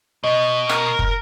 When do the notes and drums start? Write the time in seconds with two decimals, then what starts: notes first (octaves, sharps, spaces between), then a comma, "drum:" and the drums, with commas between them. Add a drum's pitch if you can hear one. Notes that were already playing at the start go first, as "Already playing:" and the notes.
0.24 B2 D#5
0.69 A#4, drum: rim click
0.99 drum: kick